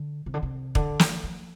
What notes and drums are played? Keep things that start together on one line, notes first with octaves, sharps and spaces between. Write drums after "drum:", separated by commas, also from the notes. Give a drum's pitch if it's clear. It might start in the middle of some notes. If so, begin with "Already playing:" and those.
Already playing: D3
C3
D3
C3
D3, drum: kick
drum: snare
F3